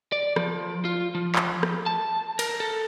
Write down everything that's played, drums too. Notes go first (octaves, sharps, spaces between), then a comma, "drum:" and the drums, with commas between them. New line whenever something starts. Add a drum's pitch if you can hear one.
D5
F3, drum: rim click
F4
F3
drum: clap
drum: rim click
A5
A#4, drum: cymbal
A4